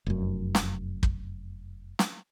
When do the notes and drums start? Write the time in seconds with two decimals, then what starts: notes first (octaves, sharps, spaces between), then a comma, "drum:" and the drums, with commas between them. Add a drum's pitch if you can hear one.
0.06 F1 F#2
0.55 drum: snare
1.03 drum: kick
1.99 drum: snare